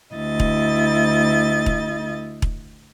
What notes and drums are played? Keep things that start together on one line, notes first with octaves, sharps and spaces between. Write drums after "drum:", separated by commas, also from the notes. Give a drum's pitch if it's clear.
D2 E4 D#5 A6
drum: kick E1
drum: kick E1
drum: kick E1